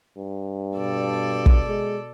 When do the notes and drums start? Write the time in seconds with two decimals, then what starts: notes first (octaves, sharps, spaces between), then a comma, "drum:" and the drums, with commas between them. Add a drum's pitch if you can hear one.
0.17 G2
0.76 B2 A4 D5
1.46 drum: kick
1.68 G#3